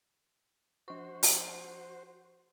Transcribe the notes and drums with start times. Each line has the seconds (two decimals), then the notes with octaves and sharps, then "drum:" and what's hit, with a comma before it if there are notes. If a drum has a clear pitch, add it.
0.88 F3 F#4 C5 C#6
1.23 drum: open hi-hat